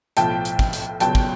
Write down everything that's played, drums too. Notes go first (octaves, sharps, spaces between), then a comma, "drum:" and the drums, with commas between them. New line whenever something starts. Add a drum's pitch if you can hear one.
B1 A2 F3 G5 A5, drum: hi-hat
drum: hi-hat
drum: kick
drum: hi-hat
C#2 B2 F#3 G5 A5, drum: hi-hat
drum: kick